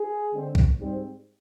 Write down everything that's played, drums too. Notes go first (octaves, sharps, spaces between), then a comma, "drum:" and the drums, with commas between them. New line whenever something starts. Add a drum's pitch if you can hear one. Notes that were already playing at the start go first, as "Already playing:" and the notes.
Already playing: G#4
D3 G#3 C4
drum: kick B1
G#2 G3 C4